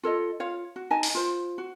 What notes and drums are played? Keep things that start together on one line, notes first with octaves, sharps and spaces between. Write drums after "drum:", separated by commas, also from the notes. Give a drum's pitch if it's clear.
F4 A4 C#5 D#5
F4 C#5 F5
F#4
D#4 D#5 G#5 A5
drum: open hi-hat
F4 C5
F#4